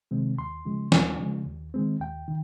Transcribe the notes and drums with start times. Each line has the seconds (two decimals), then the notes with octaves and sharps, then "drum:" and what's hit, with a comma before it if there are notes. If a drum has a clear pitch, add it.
0.11 C3 D#3 G#3 C4
0.38 D#2 C6
0.65 C#3 F3 G#3
0.92 D#2, drum: snare
1.19 C#3 F3 G#3
1.47 D#2
1.74 D#3 G#3 C4
2.00 D#2 G5
2.28 D#3